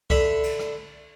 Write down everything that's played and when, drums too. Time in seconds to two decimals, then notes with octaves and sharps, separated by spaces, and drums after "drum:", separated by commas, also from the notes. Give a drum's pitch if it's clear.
0.10 D3 E5 B5, drum: kick C2
0.44 drum: cymbal
0.59 drum: rim click